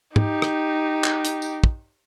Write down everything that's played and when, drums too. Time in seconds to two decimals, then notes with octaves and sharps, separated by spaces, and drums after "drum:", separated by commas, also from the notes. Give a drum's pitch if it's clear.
0.16 D#4 G4, drum: tom
0.42 drum: rim click
1.04 drum: clap
1.25 drum: hi-hat
1.42 drum: tambourine
1.64 drum: kick